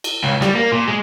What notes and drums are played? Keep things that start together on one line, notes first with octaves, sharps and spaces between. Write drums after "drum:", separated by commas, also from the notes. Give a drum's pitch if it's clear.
drum: cymbal
C#2
G3, drum: rim click
A#3
A#2
G#3